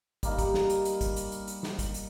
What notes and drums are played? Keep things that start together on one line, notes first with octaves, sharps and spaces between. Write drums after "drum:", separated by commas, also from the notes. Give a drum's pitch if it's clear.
G3 A#3 D#4, drum: kick, hi-hat
drum: kick, hi-hat
drum: snare
drum: hi-hat
drum: hi-hat
drum: kick, hi-hat
drum: hi-hat
drum: hi-hat
drum: hi-hat
drum: snare
drum: kick, hi-hat
drum: hi-hat